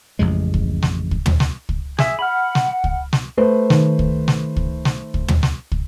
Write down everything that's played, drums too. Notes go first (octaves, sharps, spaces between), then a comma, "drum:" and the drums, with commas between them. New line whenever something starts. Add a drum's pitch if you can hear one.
A1 F2 C#3 G#3
drum: kick
drum: snare
drum: kick
drum: tom
drum: snare
drum: kick
G#4 E5, drum: snare
F#5 B5 F6
drum: snare
drum: kick
drum: snare
A3 B4 C5
D#3, drum: snare
drum: kick
drum: snare
drum: kick
drum: snare
drum: kick
drum: tom
drum: snare
drum: kick